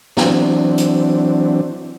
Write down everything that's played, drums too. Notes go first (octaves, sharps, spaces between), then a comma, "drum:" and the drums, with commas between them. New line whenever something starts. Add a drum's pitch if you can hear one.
E3 F#3 C4 D4, drum: snare
drum: hi-hat